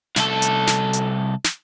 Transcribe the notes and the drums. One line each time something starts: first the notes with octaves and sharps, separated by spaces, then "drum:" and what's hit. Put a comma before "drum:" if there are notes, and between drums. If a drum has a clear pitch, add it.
C2 A4, drum: snare
drum: hi-hat
drum: snare
drum: hi-hat
drum: snare